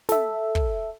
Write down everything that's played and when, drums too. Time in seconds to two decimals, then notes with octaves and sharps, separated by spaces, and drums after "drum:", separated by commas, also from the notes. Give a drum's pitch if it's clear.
0.09 A4 E5, drum: snare
0.55 drum: kick